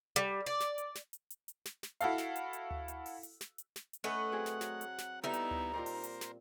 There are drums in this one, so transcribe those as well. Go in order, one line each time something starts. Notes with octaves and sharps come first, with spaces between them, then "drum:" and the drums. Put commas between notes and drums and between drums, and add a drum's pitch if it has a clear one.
G3
D5
drum: snare
drum: hi-hat
drum: snare
drum: hi-hat
drum: hi-hat
drum: hi-hat
drum: snare
drum: snare
E4 F#4 A4 F5, drum: hi-hat
drum: snare
drum: hi-hat
drum: hi-hat
drum: tom D2
drum: hi-hat
drum: open hi-hat
drum: hi-hat
drum: snare
drum: hi-hat
drum: snare
drum: hi-hat
A3 C#4 B4 D#5 F#5
F#3 C4 G#4
drum: snare
F#3, drum: snare
drum: hi-hat
drum: snare
G3 B3 D#4 E4 A4 E5 A#5
drum: hi-hat
drum: tom D2
A#2 C4 A#4 C5 D5
drum: open hi-hat
drum: hi-hat
drum: snare